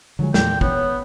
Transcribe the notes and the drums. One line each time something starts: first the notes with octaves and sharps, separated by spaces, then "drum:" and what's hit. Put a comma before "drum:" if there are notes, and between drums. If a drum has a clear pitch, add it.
D3 F3 F#3 G#3 G#4
E2 A#2 D3 G5, drum: snare
B3 C#5, drum: kick